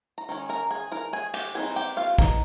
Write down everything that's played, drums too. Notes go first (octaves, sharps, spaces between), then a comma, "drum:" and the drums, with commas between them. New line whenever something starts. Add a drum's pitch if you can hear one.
A#5
D#3 G#3 C#4
A#4 A#5
G#4 G#5
A#4 A#5
G#4 G#5
G4 G5, drum: cymbal
G3 C4 D#4 G#4 G#5
G4 G5
F4 F5
D#4 D#5, drum: kick